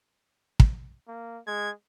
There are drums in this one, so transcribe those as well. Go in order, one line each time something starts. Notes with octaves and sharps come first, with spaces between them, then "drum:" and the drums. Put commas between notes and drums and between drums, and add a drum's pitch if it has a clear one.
drum: kick
A#3
G#3 G#6